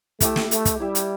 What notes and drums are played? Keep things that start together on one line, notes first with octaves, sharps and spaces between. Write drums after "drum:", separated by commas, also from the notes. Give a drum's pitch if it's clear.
A3 E4 G4 E5, drum: kick, hi-hat
drum: snare
A3, drum: hi-hat
drum: kick, hi-hat
G3 E4 G4 E5
drum: hi-hat